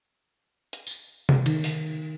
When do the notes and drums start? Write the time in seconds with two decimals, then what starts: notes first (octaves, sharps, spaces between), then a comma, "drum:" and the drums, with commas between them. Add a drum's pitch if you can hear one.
0.73 drum: hi-hat
0.87 drum: tambourine
1.29 drum: tom C3
1.46 D#3, drum: cymbal
1.64 drum: open hi-hat